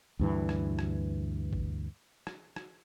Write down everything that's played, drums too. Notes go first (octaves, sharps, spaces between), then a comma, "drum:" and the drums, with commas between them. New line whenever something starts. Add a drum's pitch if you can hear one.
D2 G2 E3
drum: rim click
drum: rim click
drum: kick
drum: rim click
drum: rim click